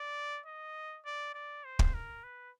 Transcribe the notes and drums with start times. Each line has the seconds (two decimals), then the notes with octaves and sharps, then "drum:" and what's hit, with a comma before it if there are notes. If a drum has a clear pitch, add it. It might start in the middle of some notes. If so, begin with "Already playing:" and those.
Already playing: D5
0.46 D#5
1.05 D5
1.34 D5
1.64 C5
1.79 drum: kick
1.94 A#4
2.24 B4